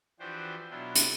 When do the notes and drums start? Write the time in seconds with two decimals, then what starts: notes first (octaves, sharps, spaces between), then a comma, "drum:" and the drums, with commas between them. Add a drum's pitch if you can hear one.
0.19 E3 F3 D4 F#4 G4 C5
0.70 B2 F#3 D4 E4 F4
0.96 drum: hi-hat